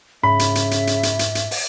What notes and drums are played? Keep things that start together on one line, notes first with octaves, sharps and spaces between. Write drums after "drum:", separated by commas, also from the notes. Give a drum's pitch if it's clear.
G#2 C#3 E5 B5
drum: hi-hat
drum: hi-hat
drum: hi-hat
drum: hi-hat
drum: hi-hat
drum: hi-hat
drum: hi-hat
drum: open hi-hat